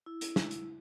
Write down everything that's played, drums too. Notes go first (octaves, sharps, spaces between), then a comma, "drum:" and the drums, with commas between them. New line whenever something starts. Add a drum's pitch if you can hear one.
E4
drum: hi-hat
drum: snare
drum: hi-hat